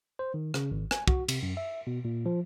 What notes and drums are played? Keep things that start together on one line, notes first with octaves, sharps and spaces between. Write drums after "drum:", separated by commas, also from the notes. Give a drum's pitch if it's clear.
C5
D#3
C#3, drum: rim click
G#1
G#5, drum: rim click
F#4, drum: kick
C3, drum: cymbal
F#2
E5
B2
A#2
F3